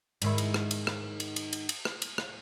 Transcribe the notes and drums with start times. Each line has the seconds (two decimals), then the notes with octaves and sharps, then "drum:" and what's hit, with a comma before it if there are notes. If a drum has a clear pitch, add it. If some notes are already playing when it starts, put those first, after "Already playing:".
0.22 G#2 D#3 E4, drum: cymbal
0.38 drum: cymbal
0.54 drum: rim click
0.71 drum: cymbal
0.87 drum: rim click
1.20 drum: cymbal
1.36 drum: cymbal
1.53 drum: cymbal
1.69 drum: cymbal
1.85 drum: rim click
2.02 drum: cymbal
2.18 drum: rim click